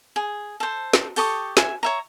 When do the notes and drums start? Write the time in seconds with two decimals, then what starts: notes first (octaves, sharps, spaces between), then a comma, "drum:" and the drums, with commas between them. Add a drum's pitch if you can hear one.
0.16 G#4
0.60 A4 C5
0.93 drum: snare
1.16 G4 A4 C#6 D#6, drum: open hi-hat
1.57 E5 G#5, drum: snare
1.83 C#5 E5 A#5